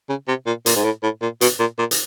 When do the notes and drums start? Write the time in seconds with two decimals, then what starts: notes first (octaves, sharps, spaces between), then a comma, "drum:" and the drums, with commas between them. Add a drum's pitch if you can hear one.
0.09 C#3
0.28 C3
0.47 A#2
0.66 A#2, drum: hi-hat
0.75 G#2
0.84 A2
1.03 A2
1.22 A#2
1.41 B2, drum: hi-hat
1.59 A#2
1.79 A#2
1.91 drum: hi-hat